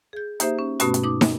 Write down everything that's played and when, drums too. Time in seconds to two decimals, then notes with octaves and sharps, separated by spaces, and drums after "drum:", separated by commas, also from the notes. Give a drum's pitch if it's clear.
0.13 G#4 G6
0.40 A#3 D#4 G4 C5 E5, drum: hi-hat
0.59 C#4
0.80 G2 B2 A3 B3 C#4 F#4, drum: hi-hat
0.94 drum: hi-hat
1.03 D#4 D6
1.21 drum: snare